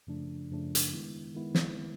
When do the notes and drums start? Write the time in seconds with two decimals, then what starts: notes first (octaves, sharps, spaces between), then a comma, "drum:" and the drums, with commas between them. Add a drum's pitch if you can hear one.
0.07 F#2 C#3 F3 A3 D4
0.50 F#2 C#3 F3 A3 D4
0.75 drum: hi-hat
0.93 D#3 G#3 B3 E4
1.35 D#3 G#3 B3 E4
1.55 drum: snare